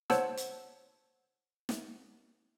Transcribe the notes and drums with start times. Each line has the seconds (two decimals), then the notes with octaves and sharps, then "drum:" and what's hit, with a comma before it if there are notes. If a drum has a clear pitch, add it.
0.10 C5 C#5 F#5 A5 E6, drum: snare
0.37 drum: hi-hat
1.69 drum: snare